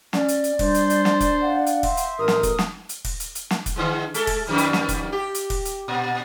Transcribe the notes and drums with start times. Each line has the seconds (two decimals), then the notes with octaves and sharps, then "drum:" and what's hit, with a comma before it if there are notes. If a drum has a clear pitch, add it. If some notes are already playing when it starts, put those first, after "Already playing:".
0.13 C#4 D5, drum: snare
0.28 drum: hi-hat
0.44 drum: hi-hat
0.59 G3 D4 C5, drum: kick, open hi-hat
0.74 drum: hi-hat
0.90 drum: hi-hat
1.05 drum: snare
1.20 drum: kick, hi-hat
1.42 F5 F#5
1.66 drum: hi-hat
1.83 C5 E5, drum: kick, open hi-hat
1.97 drum: hi-hat
2.19 A1 A#4 D#6
2.28 drum: snare
2.43 drum: kick, hi-hat
2.58 drum: snare
2.89 drum: hi-hat
3.04 drum: kick, open hi-hat
3.20 drum: hi-hat
3.35 drum: hi-hat
3.51 drum: snare
3.66 drum: kick, hi-hat
3.76 D3 E3 G#3
4.14 G#3 A4, drum: hi-hat
4.27 drum: kick, open hi-hat
4.47 F2 D#3 G3
4.58 drum: hi-hat
4.73 drum: snare
4.89 drum: kick, hi-hat
5.12 G4
5.35 drum: hi-hat
5.50 drum: kick, open hi-hat
5.65 drum: hi-hat
5.88 A#2